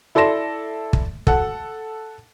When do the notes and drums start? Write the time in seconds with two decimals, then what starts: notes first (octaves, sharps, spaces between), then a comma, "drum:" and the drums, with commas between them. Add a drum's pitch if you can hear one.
0.15 E4 A4 D5 C6 A#6 E7
0.93 drum: kick
1.27 A4 F#5, drum: kick